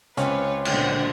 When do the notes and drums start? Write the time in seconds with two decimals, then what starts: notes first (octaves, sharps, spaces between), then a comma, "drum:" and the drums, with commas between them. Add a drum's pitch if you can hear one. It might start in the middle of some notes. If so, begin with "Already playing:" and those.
0.17 C#2 C4 C#4 B4 C#5 F5, drum: hi-hat
0.65 A#2 D3 F#3 F#4 C5 G5, drum: cymbal